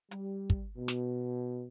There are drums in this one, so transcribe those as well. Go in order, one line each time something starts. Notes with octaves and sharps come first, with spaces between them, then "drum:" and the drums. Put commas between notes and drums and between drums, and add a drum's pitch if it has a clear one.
G3, drum: hi-hat
drum: kick
B2
drum: snare